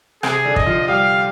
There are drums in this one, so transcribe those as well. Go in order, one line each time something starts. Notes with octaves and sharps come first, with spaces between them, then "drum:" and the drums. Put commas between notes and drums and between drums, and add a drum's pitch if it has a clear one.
C3 C4 G#4, drum: rim click
D3 D4
D#5, drum: kick
F3 F4
G3 G4 F5